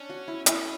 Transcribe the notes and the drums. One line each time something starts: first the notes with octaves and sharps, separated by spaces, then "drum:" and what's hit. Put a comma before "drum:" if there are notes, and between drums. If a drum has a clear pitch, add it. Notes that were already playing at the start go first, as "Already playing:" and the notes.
Already playing: C#4 D4
F#4
E4
C#4 E4, drum: hi-hat